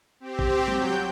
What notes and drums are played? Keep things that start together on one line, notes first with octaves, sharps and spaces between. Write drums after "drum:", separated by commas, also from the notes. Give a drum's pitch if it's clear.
C4 G4
drum: kick G#1
F#3 G5 G6, drum: tom